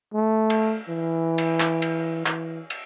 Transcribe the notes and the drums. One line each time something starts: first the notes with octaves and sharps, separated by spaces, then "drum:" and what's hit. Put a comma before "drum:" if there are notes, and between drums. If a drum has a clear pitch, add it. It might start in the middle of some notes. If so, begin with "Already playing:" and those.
A3
drum: cymbal
E3
drum: cymbal
drum: clap
drum: cymbal
E3, drum: clap
drum: cymbal